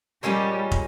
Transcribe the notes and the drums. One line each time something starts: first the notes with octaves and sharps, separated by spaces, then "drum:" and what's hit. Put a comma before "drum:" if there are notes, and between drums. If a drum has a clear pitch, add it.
A#2 G3 G#3 C#4 G4
drum: kick